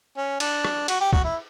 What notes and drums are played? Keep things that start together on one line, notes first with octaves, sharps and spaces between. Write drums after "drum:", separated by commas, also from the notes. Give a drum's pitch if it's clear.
C#4
D4, drum: cymbal
drum: rim click
F#4, drum: cymbal
G4
F#4, drum: kick
E4